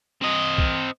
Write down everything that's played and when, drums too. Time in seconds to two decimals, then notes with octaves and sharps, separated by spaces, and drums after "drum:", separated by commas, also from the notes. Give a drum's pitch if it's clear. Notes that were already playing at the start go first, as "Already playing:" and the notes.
0.21 C4 D#5
0.58 drum: kick B1